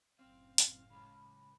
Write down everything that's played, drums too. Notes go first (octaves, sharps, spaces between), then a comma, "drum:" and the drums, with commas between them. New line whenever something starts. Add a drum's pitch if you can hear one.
F#1 A2 C4 F5
drum: hi-hat
C#3 G#3 B5